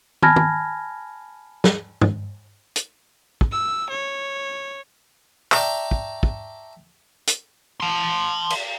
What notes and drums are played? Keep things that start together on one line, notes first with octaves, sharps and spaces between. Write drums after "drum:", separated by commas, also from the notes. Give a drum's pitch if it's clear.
G#5 A5 B5 F6 G#6 A#6, drum: tom
drum: tom
drum: snare
drum: tom
drum: hi-hat
drum: kick
E6
C#5
D5 E5 G5 A5 A#5 C#6, drum: clap
drum: kick
drum: kick
drum: hi-hat
A5 C6
drum: cymbal